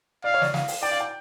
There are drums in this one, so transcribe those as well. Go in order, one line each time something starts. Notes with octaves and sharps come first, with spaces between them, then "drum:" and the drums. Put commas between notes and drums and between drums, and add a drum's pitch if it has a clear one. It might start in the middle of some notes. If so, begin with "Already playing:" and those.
D5 F5
C#5
D5, drum: snare
F5, drum: snare
drum: open hi-hat
D5 G5
F5
G5